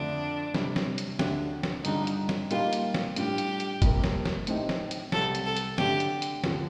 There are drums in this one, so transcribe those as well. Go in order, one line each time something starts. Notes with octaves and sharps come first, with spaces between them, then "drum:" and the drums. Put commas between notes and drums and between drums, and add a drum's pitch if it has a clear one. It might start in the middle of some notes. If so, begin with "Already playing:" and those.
Already playing: F2 D3 A3 D4
C3 G3 D4, drum: snare
drum: snare
drum: hi-hat
D2 D3 A3 D4 G4, drum: snare
drum: snare
G2 D3 G3 D4 D#4 F4, drum: hi-hat
drum: hi-hat
drum: snare
A#2 G3 A#3 D#4 F4 G4, drum: hi-hat
drum: hi-hat
drum: snare
A2 G3 D4 F4 G4, drum: hi-hat
drum: hi-hat
drum: hi-hat
F2 C3 G3 A#3, drum: kick F#1, hi-hat
drum: snare
drum: snare
A2 A3 C4 D#4 G4, drum: hi-hat
drum: snare
drum: hi-hat
C2 C3 G3 A4, drum: snare
drum: hi-hat
A4
drum: hi-hat
D3 A3 D4 G4, drum: snare
drum: hi-hat
drum: hi-hat
D#2 D3 F3, drum: snare